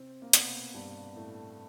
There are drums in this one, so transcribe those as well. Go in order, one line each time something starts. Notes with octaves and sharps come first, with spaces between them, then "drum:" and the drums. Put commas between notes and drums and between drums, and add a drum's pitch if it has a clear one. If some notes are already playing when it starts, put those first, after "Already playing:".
Already playing: C3 C4
A#3
B2 B3, drum: hi-hat
G2 G3
A2 A3